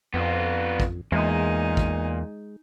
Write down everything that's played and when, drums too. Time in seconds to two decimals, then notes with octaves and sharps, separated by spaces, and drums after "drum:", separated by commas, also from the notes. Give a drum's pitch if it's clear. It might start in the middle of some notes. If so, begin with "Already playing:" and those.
0.14 F2 B3 F4
0.80 drum: kick
1.12 E2 A#2 G#3 D#4 G#5
1.77 drum: kick